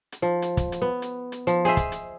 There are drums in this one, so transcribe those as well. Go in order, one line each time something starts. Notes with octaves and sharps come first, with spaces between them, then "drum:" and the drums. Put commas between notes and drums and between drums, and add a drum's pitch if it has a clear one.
drum: hi-hat
F3
drum: hi-hat
drum: kick, hi-hat
drum: hi-hat
B3
drum: hi-hat
drum: hi-hat
F3, drum: hi-hat
G#4 C5 D#5 E5, drum: hi-hat
drum: kick, hi-hat
drum: hi-hat